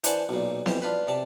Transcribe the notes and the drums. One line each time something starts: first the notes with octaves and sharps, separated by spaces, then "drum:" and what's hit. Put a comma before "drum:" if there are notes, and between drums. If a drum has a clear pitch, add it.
E3 D4 C5 F#5 G#5 A5, drum: hi-hat
B1 A#2
F2 E3 G4 C5, drum: snare B3
D4 F4 B4
C3 D5 A5